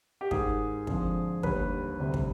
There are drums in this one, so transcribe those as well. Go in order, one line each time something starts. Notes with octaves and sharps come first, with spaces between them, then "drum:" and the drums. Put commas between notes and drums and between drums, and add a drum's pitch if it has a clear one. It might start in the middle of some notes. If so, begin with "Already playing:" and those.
G4
G#2 D#3 G#3 G#4, drum: kick
F2 D3 F3 G#3, drum: kick
D#2 D3 G3 B4, drum: kick
D2 C3 G3
drum: kick